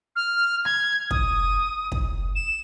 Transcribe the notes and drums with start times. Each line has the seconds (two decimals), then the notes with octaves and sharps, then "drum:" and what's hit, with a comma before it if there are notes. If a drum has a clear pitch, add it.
0.16 F6
0.65 G#6, drum: rim click
1.11 D#6, drum: kick
1.92 drum: kick
2.35 E7